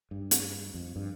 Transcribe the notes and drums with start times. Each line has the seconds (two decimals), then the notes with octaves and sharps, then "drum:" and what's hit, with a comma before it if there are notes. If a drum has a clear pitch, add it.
0.11 G2
0.31 drum: hi-hat
0.74 F2
0.96 G2